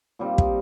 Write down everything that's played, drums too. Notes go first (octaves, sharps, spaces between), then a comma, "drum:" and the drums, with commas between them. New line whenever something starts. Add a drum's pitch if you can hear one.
A#2 G3 C4 D#4
drum: kick